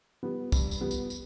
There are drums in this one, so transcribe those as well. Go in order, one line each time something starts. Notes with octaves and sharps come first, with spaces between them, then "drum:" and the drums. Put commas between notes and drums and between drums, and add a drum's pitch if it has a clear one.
G3 B3
G2, drum: kick, tambourine
drum: tambourine
G3 B3
drum: tambourine
drum: tambourine